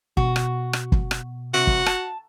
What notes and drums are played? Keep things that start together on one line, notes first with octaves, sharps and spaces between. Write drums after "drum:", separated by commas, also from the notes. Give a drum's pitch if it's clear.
B2 F#4, drum: kick
drum: rim click
drum: rim click
drum: kick
drum: rim click
C3 F#4
drum: kick
A5, drum: rim click